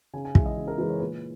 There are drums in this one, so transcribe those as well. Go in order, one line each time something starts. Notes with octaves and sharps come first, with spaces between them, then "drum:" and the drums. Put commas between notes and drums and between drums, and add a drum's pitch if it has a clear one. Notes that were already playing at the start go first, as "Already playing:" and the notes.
C#3 G#5
G#5
E3 G#3 E5, drum: kick
D#5
C#3
A#4
E3 G#3 B4
C#5
A#2 B4